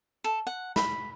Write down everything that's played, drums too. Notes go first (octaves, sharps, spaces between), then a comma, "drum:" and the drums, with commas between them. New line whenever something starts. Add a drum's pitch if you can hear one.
A4
F#5
B5, drum: snare